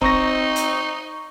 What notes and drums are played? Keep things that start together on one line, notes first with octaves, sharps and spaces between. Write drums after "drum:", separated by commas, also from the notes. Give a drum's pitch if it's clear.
C4 D#4 A#5 C#6 A#6, drum: kick
drum: hi-hat